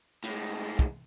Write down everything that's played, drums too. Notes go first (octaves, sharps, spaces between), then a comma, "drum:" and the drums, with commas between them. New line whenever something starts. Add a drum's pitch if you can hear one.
A2 G#3, drum: hi-hat
drum: kick